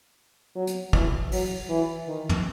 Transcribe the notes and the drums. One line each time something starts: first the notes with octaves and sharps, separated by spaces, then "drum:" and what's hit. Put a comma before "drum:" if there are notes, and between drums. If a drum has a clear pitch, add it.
F#3
drum: hi-hat
E3, drum: kick
F#3, drum: open hi-hat
E3
D#3
drum: tom